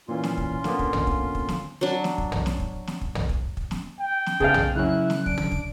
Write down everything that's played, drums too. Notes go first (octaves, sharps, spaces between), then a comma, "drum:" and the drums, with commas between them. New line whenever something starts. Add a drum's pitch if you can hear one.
A#2 E3 C#4 F4 C6
drum: snare
drum: kick
D3 A#3 B3, drum: snare
drum: kick
drum: tom
drum: kick
drum: kick
drum: snare
F#3 D4
drum: snare
drum: kick
drum: tom
drum: snare
drum: kick
drum: snare
drum: kick
drum: tom
drum: kick
drum: kick
drum: snare
G5
drum: snare
C#3 B3 G#4 F5 A5, drum: kick
drum: tom
C#3 F#3 C#4 E4 F#6
drum: snare
D4 D7, drum: kick
drum: tom
drum: kick